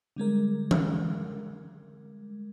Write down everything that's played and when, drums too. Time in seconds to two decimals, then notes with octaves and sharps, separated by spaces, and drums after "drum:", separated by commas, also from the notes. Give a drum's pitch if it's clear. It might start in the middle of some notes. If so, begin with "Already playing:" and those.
0.16 D3 G3 G#3 A#4
0.71 drum: tom E3